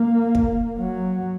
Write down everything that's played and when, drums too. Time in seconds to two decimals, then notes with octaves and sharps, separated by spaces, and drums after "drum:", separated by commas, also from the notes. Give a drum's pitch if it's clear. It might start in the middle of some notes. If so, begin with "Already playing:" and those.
Already playing: A#3
0.35 drum: kick
0.78 F#3